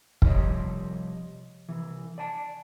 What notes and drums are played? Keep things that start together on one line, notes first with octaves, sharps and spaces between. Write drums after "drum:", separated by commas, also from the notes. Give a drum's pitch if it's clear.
C3 F3 G3 C#5 D#5, drum: kick
C2 E3
D5 G#5 A5